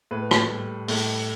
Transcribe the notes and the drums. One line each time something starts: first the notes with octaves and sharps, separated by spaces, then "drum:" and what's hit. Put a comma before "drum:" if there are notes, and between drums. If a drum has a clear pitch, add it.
A2 B4
drum: rim click
G3
A2, drum: open hi-hat